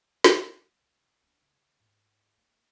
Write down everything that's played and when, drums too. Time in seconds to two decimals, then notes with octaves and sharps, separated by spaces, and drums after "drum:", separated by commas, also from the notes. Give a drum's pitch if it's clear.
0.24 drum: snare
0.45 F#3
0.81 C3
1.23 D4
1.41 C#3
1.80 G#2
2.38 A#3